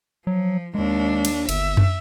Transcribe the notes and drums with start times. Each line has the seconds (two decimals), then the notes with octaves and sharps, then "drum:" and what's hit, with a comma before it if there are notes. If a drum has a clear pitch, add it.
0.27 F3 F#3
0.75 D#2 G#3 D4
1.25 drum: cymbal
1.49 G1 E5, drum: cymbal
1.77 drum: tom F#2